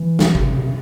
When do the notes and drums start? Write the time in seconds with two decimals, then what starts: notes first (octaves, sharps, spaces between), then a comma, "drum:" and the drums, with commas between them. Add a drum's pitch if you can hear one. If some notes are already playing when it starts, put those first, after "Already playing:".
Already playing: E3
0.19 drum: snare
0.35 C3, drum: kick G1
0.46 C3
0.58 C3